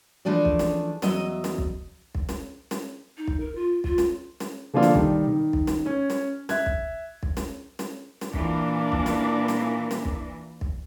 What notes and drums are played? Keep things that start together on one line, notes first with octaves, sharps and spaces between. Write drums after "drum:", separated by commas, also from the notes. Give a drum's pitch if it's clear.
E3 F3 A3 D4 G#4 D5
drum: kick
drum: snare
E2 F#3 D#5 E5, drum: snare
drum: snare
drum: kick
drum: kick
drum: snare
drum: snare
D#4
drum: kick
A#4
F4
F4, drum: kick
drum: snare
drum: snare
D3 F3 A#3 D4 F4 A4
drum: snare
D#3 G3, drum: kick
D#3
drum: kick
drum: snare
C#4
drum: snare
E5 F#6 G#6, drum: snare
drum: kick
drum: kick
drum: snare
drum: snare
drum: snare
A#2 E3 A#3 D4, drum: kick
drum: kick
drum: snare
drum: snare
drum: snare
drum: kick
drum: kick